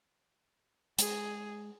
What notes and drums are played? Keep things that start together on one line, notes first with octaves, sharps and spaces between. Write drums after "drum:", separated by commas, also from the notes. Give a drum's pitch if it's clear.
G#3 G#4, drum: hi-hat